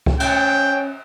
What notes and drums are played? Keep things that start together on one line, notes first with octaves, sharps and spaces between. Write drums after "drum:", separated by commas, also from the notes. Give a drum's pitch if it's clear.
drum: kick C#2
C#4 G5, drum: cymbal